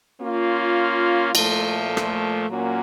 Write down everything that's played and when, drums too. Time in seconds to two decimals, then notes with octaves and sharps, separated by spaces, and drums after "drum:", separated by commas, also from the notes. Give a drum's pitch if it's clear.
0.20 A#3 C#4 F4
1.35 A#2 F3 A3, drum: cymbal
1.97 drum: rim click
2.49 A#2 F#3 A#3 C#4 F#4